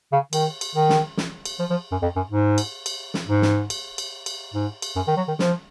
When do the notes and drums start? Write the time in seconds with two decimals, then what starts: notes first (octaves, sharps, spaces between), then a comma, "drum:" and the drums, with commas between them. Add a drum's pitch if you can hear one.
0.12 C#3
0.33 D#3, drum: cymbal
0.61 drum: cymbal
0.75 D#3
0.89 drum: snare
1.17 drum: snare
1.45 drum: cymbal
1.59 F3
1.70 F3
1.91 F#2
2.02 F2
2.16 F#2
2.30 G#2
2.58 drum: cymbal
2.86 drum: cymbal
3.14 drum: snare
3.27 G#2
3.42 drum: snare
3.70 drum: cymbal
3.98 drum: cymbal
4.26 drum: cymbal
4.54 G#2
4.82 drum: cymbal
4.96 F#2
5.07 D#3
5.17 F#3
5.28 D#3
5.39 F3, drum: snare